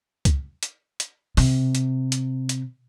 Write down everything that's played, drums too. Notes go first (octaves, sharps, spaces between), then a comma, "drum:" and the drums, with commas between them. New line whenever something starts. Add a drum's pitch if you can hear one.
drum: kick C#2, hi-hat
drum: hi-hat
drum: hi-hat
C3, drum: open hi-hat
drum: hi-hat
drum: hi-hat
drum: hi-hat